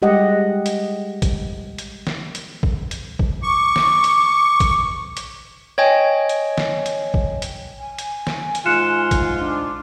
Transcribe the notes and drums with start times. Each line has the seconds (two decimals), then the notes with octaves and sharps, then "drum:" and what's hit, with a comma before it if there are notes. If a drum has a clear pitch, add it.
0.02 G3 G#3 G4 D#5 F#5
0.66 drum: hi-hat
1.22 drum: kick, hi-hat
1.78 drum: hi-hat
2.07 drum: snare
2.35 drum: hi-hat
2.63 drum: kick
2.91 drum: hi-hat
3.19 drum: kick
3.43 C#6 D6
3.76 drum: snare
4.04 drum: hi-hat
4.60 drum: kick, hi-hat
5.17 drum: hi-hat
5.78 C#5 D#5 G5 G#5
6.29 drum: hi-hat
6.58 drum: snare
6.86 drum: hi-hat
7.14 drum: kick
7.42 drum: hi-hat
7.79 G#5
7.98 drum: hi-hat
8.27 drum: snare
8.55 drum: hi-hat
8.66 G#2 F4 F#6 C#7 E7
9.11 drum: kick, hi-hat
9.39 D4